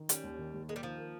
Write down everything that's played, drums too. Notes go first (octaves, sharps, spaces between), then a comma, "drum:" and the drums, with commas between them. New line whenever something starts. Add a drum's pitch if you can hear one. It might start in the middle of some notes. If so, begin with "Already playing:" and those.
Already playing: D#3
G3 C#4, drum: hi-hat
D#2
D#3
D#2
G#3 A#3
G3
D#3 F3
A#3